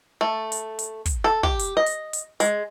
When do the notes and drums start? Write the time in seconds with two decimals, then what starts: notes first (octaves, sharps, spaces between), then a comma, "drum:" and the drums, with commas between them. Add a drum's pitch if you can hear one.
0.21 A3
0.52 drum: hi-hat
0.79 drum: hi-hat
1.06 drum: kick, hi-hat
1.24 A4
1.43 G4, drum: kick
1.59 drum: hi-hat
1.77 D#5
1.86 drum: hi-hat
2.13 drum: hi-hat
2.40 G#3, drum: hi-hat